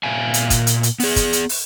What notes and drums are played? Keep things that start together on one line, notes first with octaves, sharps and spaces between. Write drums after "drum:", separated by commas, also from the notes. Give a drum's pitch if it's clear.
A#2 E5 F5 G#5
drum: hi-hat
drum: kick, hi-hat
drum: hi-hat
drum: hi-hat
B3 G#4, drum: open hi-hat
drum: kick, hi-hat
drum: hi-hat
drum: open hi-hat